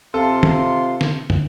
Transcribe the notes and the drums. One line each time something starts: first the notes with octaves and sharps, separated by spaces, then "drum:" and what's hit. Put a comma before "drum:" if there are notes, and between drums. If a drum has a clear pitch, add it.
C3 C4 F4 A4 C6
drum: tom
drum: snare
drum: tom